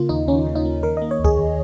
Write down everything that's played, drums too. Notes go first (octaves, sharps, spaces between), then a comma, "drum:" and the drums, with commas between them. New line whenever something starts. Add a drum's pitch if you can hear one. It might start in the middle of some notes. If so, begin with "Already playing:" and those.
Already playing: C#3 A#3 F4
D#2 D#4
D#2 C#4
C#3
D#4
A#3
D#3 A#4
D#5
A#3
C#5
D#2
G#4, drum: kick C#2
D#2